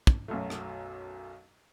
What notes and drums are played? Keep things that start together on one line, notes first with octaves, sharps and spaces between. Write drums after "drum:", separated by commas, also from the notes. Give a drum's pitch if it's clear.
drum: kick
B1 F#2 F#3 A3
drum: rim click